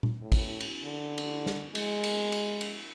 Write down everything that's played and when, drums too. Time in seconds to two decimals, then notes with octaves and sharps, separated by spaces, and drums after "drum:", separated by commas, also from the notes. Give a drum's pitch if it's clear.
0.03 drum: tom A#2
0.22 A2
0.32 drum: kick, cymbal
0.60 drum: cymbal
0.83 D3
1.18 drum: cymbal
1.46 drum: snare
1.75 G#3, drum: cymbal
2.04 drum: cymbal
2.32 drum: cymbal
2.61 drum: cymbal